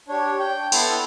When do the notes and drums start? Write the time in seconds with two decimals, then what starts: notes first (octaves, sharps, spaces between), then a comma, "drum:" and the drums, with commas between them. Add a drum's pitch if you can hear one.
0.08 D4 G4 C#5
0.39 G5
0.72 B3 E4 A4 C6, drum: open hi-hat